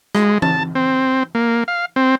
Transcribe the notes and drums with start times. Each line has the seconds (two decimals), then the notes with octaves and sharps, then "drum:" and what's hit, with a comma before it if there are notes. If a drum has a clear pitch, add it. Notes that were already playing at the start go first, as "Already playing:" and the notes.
0.15 G#3, drum: rim click
0.42 A5, drum: tom
0.75 C4
1.35 A#3
1.68 F5
1.96 C4